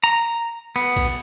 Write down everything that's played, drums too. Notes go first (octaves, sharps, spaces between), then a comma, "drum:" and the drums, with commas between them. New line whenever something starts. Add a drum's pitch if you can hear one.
A#5
B3, drum: cymbal
drum: kick, cymbal